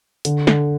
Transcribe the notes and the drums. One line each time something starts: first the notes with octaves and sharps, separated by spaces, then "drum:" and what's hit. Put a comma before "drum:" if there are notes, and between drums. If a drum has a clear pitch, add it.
D3, drum: hi-hat
D3, drum: snare